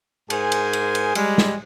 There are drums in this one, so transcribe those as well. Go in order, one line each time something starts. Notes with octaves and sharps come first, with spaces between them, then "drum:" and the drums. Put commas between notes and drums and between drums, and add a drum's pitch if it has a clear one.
G#2 G#4 A#4 C5 G#5, drum: cymbal
drum: cymbal
drum: cymbal
drum: cymbal
G3 G#3, drum: cymbal
drum: snare